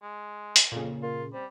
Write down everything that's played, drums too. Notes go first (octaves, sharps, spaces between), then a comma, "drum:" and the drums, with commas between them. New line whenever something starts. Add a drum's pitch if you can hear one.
G#3
drum: hi-hat
F2 A#2 C#3
A#3 F4
G3 C4